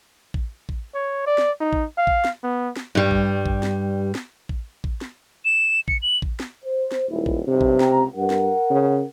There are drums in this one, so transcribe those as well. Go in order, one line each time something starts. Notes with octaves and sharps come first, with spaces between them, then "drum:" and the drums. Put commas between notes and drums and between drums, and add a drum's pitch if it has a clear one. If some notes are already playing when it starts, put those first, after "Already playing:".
drum: kick A1
drum: kick A1
C#5
D5
drum: snare
D#4
drum: kick A1
F5
drum: kick A1
drum: snare
B3
drum: snare
G2 G3
drum: kick A1
drum: kick A1
drum: snare
drum: snare
drum: kick A1
drum: kick A1
drum: snare
E7
C#7, drum: kick A1
F#7
drum: kick A1
drum: snare
C5
drum: snare
D#1 G#3 A#3 E4
drum: kick A1
B1 G2 C3
drum: kick A1
C#2 G5 A#5, drum: snare
G2 A#4 F#5
drum: snare
C#3